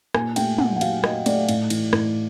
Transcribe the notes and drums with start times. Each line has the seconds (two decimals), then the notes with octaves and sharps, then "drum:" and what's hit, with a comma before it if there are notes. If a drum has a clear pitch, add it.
0.14 A#2 G#5, drum: rim click
0.36 A3 G5, drum: cymbal
0.58 A3 F#5, drum: tom
0.76 F#5
0.81 F#3 F5, drum: cymbal
1.04 F#3 D#5, drum: rim click
1.26 A3 D5, drum: cymbal
1.49 A2, drum: cymbal
1.70 E3, drum: cymbal
1.93 A2, drum: rim click